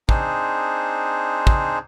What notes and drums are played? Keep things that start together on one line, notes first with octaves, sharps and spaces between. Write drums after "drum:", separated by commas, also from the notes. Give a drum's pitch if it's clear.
C4 D4 D#4 G#4 C5, drum: kick
drum: kick